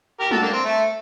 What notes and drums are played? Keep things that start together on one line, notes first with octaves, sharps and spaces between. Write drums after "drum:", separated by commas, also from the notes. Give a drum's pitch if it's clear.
G4 A#4
F#4 A4, drum: tom G3
A#3 D4
C4
A3